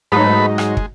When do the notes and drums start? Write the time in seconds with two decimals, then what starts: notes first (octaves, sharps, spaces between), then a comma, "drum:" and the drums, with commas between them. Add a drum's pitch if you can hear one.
0.12 G#2 F#3 A3 D#4 B4 B5
0.58 G#3, drum: rim click
0.77 drum: kick